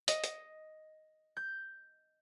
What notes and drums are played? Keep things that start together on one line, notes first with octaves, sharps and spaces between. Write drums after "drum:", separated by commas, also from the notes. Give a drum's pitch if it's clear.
D#5, drum: hi-hat
drum: hi-hat
G6